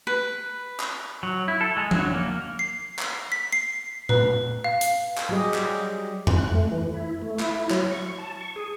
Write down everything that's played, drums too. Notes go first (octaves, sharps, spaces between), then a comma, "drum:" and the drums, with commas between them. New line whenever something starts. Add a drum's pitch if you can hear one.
B4
drum: clap
F#3
E4
A4
G#3
F#3, drum: tom F3
A#3
C7
drum: clap
B6
C7
B4, drum: tom A#2
F5
drum: hi-hat
drum: clap
F#3 G3 G4 G#4 D#5
drum: clap
drum: tom F2
F#6
A3
E3
E4
A3
E4, drum: clap
F#3, drum: clap
C#6
A5
C#6
G#4